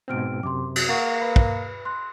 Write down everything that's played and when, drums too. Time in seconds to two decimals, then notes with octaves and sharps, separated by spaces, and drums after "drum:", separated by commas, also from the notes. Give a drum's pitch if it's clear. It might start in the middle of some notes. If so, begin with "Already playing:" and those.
0.08 G#2 B2 C4 G5 F6 D7
0.43 F#2 C3 C6 D6
0.76 F#4, drum: cymbal
0.89 A#3 F#5 C#6
1.22 B4 B5
1.36 drum: kick
1.85 C6 F#6